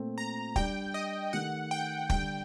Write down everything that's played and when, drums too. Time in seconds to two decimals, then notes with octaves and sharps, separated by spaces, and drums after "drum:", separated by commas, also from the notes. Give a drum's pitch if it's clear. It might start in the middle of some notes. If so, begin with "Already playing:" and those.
Already playing: A#2 A3 C4
0.18 A#5
0.56 G3 D4 G4 D5 G5, drum: kick
0.94 D#5
1.33 D#3 A3 D#4 G4 F#5
1.71 G5
2.10 D3 G3 D4 G5, drum: kick